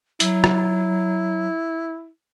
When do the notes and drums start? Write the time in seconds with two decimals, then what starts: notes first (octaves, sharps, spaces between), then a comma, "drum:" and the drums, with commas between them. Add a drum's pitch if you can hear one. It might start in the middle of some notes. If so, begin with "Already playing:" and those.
0.20 F#3 E4, drum: hi-hat
0.44 drum: rim click